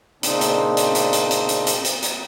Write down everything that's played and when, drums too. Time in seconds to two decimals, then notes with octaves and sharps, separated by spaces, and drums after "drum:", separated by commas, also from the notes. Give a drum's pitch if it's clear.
0.23 A#2 C#3 C4 D4 D#4, drum: hi-hat
0.41 drum: hi-hat
0.77 drum: hi-hat
0.95 drum: hi-hat
1.13 drum: hi-hat
1.31 drum: hi-hat
1.49 drum: hi-hat
1.67 drum: hi-hat
1.85 drum: hi-hat
2.02 drum: hi-hat